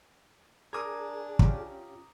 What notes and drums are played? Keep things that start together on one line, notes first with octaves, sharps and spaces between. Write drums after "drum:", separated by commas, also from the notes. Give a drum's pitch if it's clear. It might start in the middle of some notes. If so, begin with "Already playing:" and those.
D4 G#4 A#4 A#5 D6 D#6 G#6
C#4 F4 G4, drum: kick